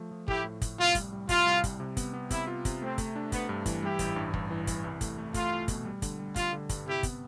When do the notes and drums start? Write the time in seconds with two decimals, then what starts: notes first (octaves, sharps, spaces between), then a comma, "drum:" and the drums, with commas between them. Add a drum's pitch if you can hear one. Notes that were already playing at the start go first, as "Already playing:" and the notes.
Already playing: F3 A3
0.11 F3
0.28 A2 E4 G4, drum: kick
0.44 A2
0.62 A2, drum: kick, hi-hat
0.78 C2 F4
0.95 G3, drum: kick, hi-hat
1.13 G3
1.29 C2 F4, drum: kick, hi-hat
1.46 C2
1.64 G3, drum: kick, hi-hat
1.80 C3
1.97 B3, drum: kick, hi-hat
2.14 B3
2.30 C3 E4, drum: kick, hi-hat
2.47 F4
2.65 C3, drum: kick, hi-hat
2.82 A3 C4
2.98 A3, drum: kick, hi-hat
3.16 D4
3.32 A3 B3, drum: kick, hi-hat
3.49 G2
3.66 E3, drum: kick, hi-hat
3.83 G3 E4 G4
3.99 A1, drum: kick, hi-hat
4.16 G2
4.34 G2, drum: kick
4.51 E3
4.67 E3, drum: kick, hi-hat
4.84 C2
5.01 A3, drum: kick, hi-hat
5.18 A3
5.34 A3 F4, drum: kick, hi-hat
5.52 A3
5.68 B2, drum: kick, hi-hat
5.85 G3
6.02 D3, drum: kick, hi-hat
6.19 G3
6.36 G3 F4, drum: kick, hi-hat
6.53 D3
6.69 G2, drum: kick, hi-hat
6.86 C3 E4 G4
7.03 B3, drum: kick, hi-hat